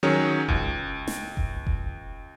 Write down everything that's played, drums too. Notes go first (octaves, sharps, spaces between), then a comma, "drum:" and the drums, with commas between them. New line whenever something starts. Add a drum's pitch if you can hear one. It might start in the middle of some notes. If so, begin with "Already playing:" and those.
D#3 F#3 C#4 G#4 C#5
C#2, drum: kick F1
drum: snare
drum: kick F1
drum: kick F1